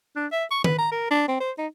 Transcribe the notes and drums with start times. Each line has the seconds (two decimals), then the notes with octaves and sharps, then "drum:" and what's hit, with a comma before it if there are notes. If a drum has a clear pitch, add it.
0.16 D4
0.32 E5
0.51 C#6
0.64 B4, drum: tom D#3
0.78 A#5
0.92 A#4
1.11 D4
1.28 C4
1.40 C5
1.58 D#4